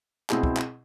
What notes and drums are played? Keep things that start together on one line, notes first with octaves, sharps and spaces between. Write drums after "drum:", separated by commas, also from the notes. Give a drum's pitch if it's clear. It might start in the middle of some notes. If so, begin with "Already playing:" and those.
B2 G#3 C4 E4 G#4, drum: clap
drum: kick
drum: clap